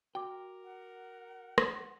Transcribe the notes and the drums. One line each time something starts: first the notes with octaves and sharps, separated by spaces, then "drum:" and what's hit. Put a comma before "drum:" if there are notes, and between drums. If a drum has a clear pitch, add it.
F#4 A#4 G5 D6
F#5
drum: rim click